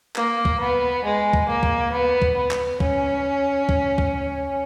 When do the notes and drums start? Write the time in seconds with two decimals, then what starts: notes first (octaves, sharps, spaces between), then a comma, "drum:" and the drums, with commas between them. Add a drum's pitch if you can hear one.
0.16 A#3, drum: clap
0.45 drum: kick
0.60 B3
1.04 G#3
1.33 drum: kick
1.48 A#3
1.63 drum: kick
1.92 B3
2.22 drum: kick
2.37 B3
2.51 drum: clap
2.80 C#4, drum: kick
3.69 drum: kick
3.98 drum: kick